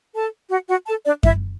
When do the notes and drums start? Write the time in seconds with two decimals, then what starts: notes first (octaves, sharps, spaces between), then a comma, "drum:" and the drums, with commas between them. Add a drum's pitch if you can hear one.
0.15 A4 A5
0.51 F#4 F#5
0.69 F#4 F#5
0.87 A4 A5
1.05 D4 D5
1.23 E4 E5, drum: kick F#2